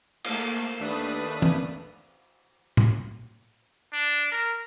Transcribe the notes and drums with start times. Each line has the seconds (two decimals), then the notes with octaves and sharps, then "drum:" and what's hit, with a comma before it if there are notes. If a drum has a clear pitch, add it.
0.24 A3 A#3, drum: cymbal
0.79 D#2 A3 D4 B4 D#6
1.42 drum: tom E3
2.77 drum: tom A2
3.93 D4
4.32 A#4